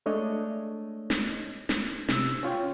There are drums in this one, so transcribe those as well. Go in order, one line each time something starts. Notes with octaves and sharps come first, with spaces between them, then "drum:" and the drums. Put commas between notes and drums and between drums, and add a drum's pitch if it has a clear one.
G#3 A3 D4 C#5 D#5
drum: snare
drum: snare
C3 E6, drum: snare
C#4 F4 C#5 G5